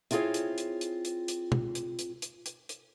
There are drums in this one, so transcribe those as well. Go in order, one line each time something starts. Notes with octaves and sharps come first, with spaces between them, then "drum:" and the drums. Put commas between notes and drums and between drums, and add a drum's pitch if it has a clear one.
C4 E4 F4 G4 G#4 C#5, drum: hi-hat
drum: hi-hat
drum: hi-hat
drum: hi-hat
drum: hi-hat
drum: hi-hat
drum: tom B2
drum: hi-hat
drum: hi-hat
drum: hi-hat
drum: hi-hat
drum: hi-hat